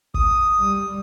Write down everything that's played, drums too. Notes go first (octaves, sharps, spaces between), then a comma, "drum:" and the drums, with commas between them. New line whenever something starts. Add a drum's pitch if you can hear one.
D#6, drum: kick
G3